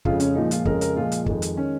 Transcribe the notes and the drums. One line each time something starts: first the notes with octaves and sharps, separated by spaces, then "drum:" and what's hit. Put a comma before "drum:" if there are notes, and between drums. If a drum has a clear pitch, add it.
F2 C#3 G#3 F4, drum: kick
C#4, drum: hi-hat
A#2 F3 G#3 D#4
F4, drum: hi-hat
F2 C#3 G#3 A#4, drum: kick
A#4, drum: hi-hat
A#2 F3 G#3 F4
drum: hi-hat
F2 D#3 G#3, drum: kick
drum: hi-hat
D#3 G#3 C#4